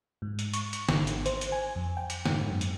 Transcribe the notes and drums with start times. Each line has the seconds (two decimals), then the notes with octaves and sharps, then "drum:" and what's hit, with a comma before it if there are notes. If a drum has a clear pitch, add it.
0.22 G#2
0.39 drum: hi-hat
0.54 C#6, drum: hi-hat
0.73 drum: hi-hat
0.89 G#1, drum: snare
1.07 drum: hi-hat
1.26 C5, drum: hi-hat
1.41 drum: hi-hat
1.52 G#5
1.76 F2
1.97 G5
2.10 drum: hi-hat
2.26 G#2, drum: snare
2.51 F#2
2.61 drum: hi-hat